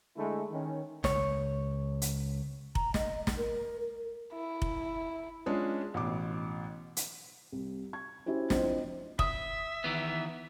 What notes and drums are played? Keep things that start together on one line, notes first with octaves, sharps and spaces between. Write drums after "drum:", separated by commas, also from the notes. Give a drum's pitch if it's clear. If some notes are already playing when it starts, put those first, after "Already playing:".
D3 G#3 A3 E4
D#3 C#4
C#2 C#5, drum: snare
drum: hi-hat
A#5, drum: kick F1
D#5, drum: snare
drum: snare
A#4
A#4
E4
drum: kick F1
G#3 C#4 D4 F4 G#4
A1 B2 D6
drum: hi-hat
C2
C#6 G#6
C#4 E4 F#4 G4 C5
F3 C4 D4 E4 C5 D#5, drum: snare
E5 D#6, drum: kick F1
D#3 E3 B3